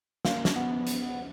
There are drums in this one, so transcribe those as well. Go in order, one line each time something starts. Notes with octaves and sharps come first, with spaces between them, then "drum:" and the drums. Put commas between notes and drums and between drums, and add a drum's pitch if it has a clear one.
A#3, drum: snare
drum: snare
B3
drum: hi-hat